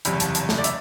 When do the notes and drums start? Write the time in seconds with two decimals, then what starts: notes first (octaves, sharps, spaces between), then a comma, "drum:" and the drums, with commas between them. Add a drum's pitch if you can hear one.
0.05 F#1 E2 C3 G3 B5, drum: hi-hat
0.20 A5, drum: hi-hat
0.35 A5, drum: hi-hat
0.49 A5, drum: snare
0.58 D5
0.64 E5, drum: hi-hat